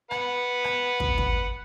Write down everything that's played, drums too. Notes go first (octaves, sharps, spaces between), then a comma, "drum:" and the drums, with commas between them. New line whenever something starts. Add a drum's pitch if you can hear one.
B4 F#5, drum: rim click
drum: rim click
drum: kick
drum: kick